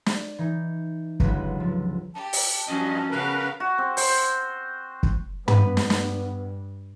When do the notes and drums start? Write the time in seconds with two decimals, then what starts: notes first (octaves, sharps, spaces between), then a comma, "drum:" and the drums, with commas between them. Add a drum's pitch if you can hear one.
0.06 D5, drum: snare
0.38 E3 D#4
1.20 G1 C#2 F#3 B4 F#5 B6, drum: kick
1.60 F3
2.15 G4 A5
2.33 drum: open hi-hat
2.68 G2 F3 F#3 C#4 D#4 D#5
3.10 C#3 B3 A#4 B4 F5
3.60 F#4
3.78 C4
3.97 C5, drum: open hi-hat
5.03 drum: kick
5.48 G2 B3 B4, drum: tom
5.77 drum: snare
5.90 drum: snare